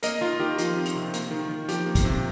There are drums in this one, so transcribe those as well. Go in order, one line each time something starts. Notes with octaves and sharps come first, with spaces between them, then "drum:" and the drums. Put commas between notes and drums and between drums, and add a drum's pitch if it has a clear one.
A#3 A#4 D#5, drum: hi-hat
D#3 F4 A#4
D#3 G4
F3 F4, drum: hi-hat
C4
drum: hi-hat
C3
A#3, drum: hi-hat
D#3
D#3
F3 G4, drum: hi-hat
A#3
drum: kick, hi-hat
C3